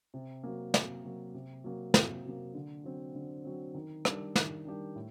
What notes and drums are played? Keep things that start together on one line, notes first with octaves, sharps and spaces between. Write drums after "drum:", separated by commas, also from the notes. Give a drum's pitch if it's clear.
C3
F#3 A#3
C3, drum: snare
F#3 A#3
C3
F#3 A#3
C3, drum: snare
F#3 A#3
D3
F#3 C4
D3
F#3 C4
D#3
G3 D4 G4 A#4, drum: rim click
D#3, drum: snare
G3 D4 G4 A#4
A2